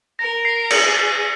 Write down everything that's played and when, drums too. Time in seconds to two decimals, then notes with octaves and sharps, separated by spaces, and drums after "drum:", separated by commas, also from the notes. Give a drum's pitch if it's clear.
0.19 A#4 A#6
0.45 C7
0.70 G#4 C#7, drum: cymbal